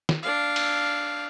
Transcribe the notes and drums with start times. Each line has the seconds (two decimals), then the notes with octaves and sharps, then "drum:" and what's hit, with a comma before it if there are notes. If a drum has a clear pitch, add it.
0.09 drum: snare
0.23 D4 F5
0.56 drum: cymbal